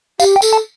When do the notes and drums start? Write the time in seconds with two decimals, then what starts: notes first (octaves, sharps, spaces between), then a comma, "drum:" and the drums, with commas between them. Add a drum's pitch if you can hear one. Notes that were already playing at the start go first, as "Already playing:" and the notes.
0.20 G4 F5, drum: tambourine
0.36 G5
0.42 A4, drum: tambourine
0.53 A5